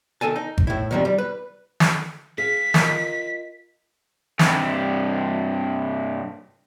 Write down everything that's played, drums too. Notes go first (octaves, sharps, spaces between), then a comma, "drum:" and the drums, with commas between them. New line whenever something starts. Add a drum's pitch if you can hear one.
D#3 A4 G#5 A5
D#4
drum: kick G#1
A2 E4
F#2 C3 D#3 F3 G3
G3
B4
drum: snare
G#4 F5 B6
F4 A#4 D#5, drum: snare
G2 C3, drum: snare